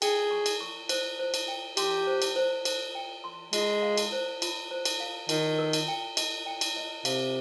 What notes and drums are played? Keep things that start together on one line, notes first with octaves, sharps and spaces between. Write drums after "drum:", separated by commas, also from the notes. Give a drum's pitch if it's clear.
G#4 G5, drum: cymbal
C#6
drum: cymbal
C#6
C5, drum: cymbal
C5
drum: cymbal
G5
G4 C6, drum: cymbal
C5
drum: cymbal
C5
C5, drum: cymbal
G5
C6
G#3 F4, drum: cymbal
F5
drum: cymbal
C5
F4, drum: cymbal
C5
drum: cymbal
F5
D#3 F4, drum: cymbal
A#4
drum: cymbal
G5
D#5, drum: cymbal
G5
drum: cymbal
D#5
C3 F5, drum: cymbal